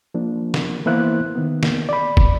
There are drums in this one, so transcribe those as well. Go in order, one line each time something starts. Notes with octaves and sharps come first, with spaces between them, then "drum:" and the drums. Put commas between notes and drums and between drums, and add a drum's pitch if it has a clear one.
F3 A#3 D4
drum: snare
E3 A#3 B3 E4 C5 F#6
D#3 B3
drum: snare
D5 B5
drum: kick